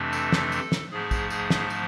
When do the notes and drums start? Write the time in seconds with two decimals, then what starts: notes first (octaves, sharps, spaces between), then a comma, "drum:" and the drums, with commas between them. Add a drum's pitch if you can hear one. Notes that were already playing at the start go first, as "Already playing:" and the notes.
Already playing: F2 C3 E3 A3 D4
0.13 A4, drum: tambourine
0.32 drum: snare
0.52 drum: tambourine
0.72 drum: snare
0.92 G#2 F3 A3 G#4
1.11 drum: kick, tambourine
1.30 G#4, drum: tambourine
1.50 drum: snare
1.70 drum: tambourine